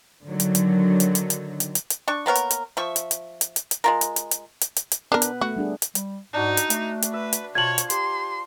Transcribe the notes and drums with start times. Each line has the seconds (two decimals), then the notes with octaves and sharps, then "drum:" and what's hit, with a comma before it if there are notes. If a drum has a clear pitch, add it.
0.25 D3 D#3 F#3
0.40 drum: hi-hat
0.55 drum: hi-hat
1.00 drum: hi-hat
1.15 drum: hi-hat
1.30 drum: hi-hat
1.60 drum: hi-hat
1.75 drum: hi-hat
1.90 drum: hi-hat
2.08 D4 C#6
2.26 A#3 B3 A#4 C#5
2.35 drum: hi-hat
2.51 drum: hi-hat
2.77 F3 E5 C#6
2.96 drum: hi-hat
3.11 drum: hi-hat
3.41 drum: hi-hat
3.56 drum: hi-hat
3.71 drum: hi-hat
3.84 G#3 F4 A#4
4.01 drum: hi-hat
4.16 drum: hi-hat
4.31 drum: hi-hat
4.61 drum: hi-hat
4.76 drum: hi-hat
4.92 drum: hi-hat
5.12 B3 D4 A#4 B4
5.22 drum: hi-hat
5.41 A3 F#4
5.56 G3 D4 G#4
5.82 drum: hi-hat
5.95 G3, drum: hi-hat
6.33 G#2 D4 D#4 F#4
6.57 drum: hi-hat
6.70 A3, drum: hi-hat
7.02 drum: hi-hat
7.14 B4 E5
7.33 drum: hi-hat
7.55 B2 F4 C5 C#5 A5 G#6 F#7
7.78 drum: hi-hat
7.90 G4 C6, drum: hi-hat